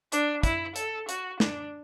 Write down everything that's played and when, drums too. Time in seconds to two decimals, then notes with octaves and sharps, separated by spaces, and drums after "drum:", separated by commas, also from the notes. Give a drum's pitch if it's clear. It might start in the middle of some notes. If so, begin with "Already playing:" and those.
0.12 D4, drum: hi-hat
0.43 E4, drum: kick, hi-hat
0.76 A4, drum: hi-hat
1.09 F#4, drum: hi-hat
1.40 D4, drum: snare